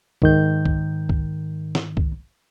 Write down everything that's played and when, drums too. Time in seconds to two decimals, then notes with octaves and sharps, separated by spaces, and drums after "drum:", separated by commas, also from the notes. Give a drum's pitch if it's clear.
0.22 G#2 D#3 G6, drum: kick
0.66 drum: kick
1.09 drum: kick
1.75 drum: snare
1.97 drum: kick